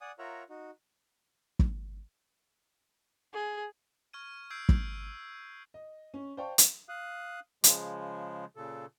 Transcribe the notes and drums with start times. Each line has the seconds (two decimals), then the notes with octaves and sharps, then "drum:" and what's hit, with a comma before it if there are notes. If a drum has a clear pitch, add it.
0.01 D5 F#5 G#5 D#6
0.19 F4 A#4 C#5 E5 F#5 A#5
0.50 D#4 F#4
1.59 drum: kick
3.34 G#4
4.13 C#6 F6 G#6 D#7
4.50 E6 G6 G#6 C7 D7
4.69 drum: kick
5.74 D#5
6.14 C#4
6.37 C5 D5 F5 G5 A5 C#6
6.58 drum: hi-hat
6.89 F5 D#6 F#6
7.64 C#3 F3 G#3, drum: hi-hat
8.56 A#2 C#3 A4